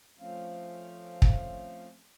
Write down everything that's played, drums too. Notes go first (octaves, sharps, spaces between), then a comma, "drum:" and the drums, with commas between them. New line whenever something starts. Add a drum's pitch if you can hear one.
F3 A3 C4 C#4 F5
drum: kick